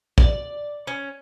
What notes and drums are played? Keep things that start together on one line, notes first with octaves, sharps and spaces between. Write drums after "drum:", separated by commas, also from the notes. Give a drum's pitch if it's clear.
D5, drum: kick
C#4